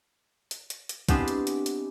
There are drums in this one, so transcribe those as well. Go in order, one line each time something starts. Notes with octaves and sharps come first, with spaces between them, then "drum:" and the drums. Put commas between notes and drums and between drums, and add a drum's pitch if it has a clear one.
drum: hi-hat
drum: hi-hat
drum: hi-hat
G#3 B3 C4 D4 E4 G4, drum: kick B1, hi-hat
drum: hi-hat
drum: hi-hat
drum: hi-hat